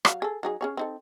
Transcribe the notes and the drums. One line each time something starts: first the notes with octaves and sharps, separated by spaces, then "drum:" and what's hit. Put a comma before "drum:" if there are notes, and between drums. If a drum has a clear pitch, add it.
F#3 G4 F5, drum: rim click
G#4 A4
F#3 D#4 G#4
C#4 G#4 C#5
C4 D#4 A4